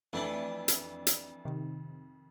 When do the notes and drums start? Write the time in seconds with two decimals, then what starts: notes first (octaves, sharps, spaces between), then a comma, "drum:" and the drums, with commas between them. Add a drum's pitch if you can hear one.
0.13 F2 E3 A3 D4 E5 F#7
0.68 drum: hi-hat
1.07 drum: hi-hat
1.45 C3 D#3